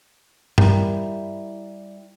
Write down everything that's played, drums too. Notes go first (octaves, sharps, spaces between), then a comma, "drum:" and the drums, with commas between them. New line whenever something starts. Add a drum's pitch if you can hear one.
G3 E4 A#4, drum: tom G2